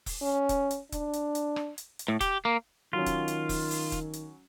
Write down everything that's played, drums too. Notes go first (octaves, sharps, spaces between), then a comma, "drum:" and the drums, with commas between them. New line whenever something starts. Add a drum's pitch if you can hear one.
drum: kick E1, open hi-hat
C#4
drum: kick E1, hi-hat
drum: hi-hat
D4, drum: kick E1, hi-hat
drum: hi-hat
drum: hi-hat
drum: rim click
drum: hi-hat
drum: hi-hat
A2
G4, drum: kick E1, hi-hat
A#3
D#3 F#3 C#4 F4
drum: kick E1, hi-hat
drum: hi-hat
drum: kick E1, open hi-hat
drum: open hi-hat
drum: kick E1, hi-hat
drum: hi-hat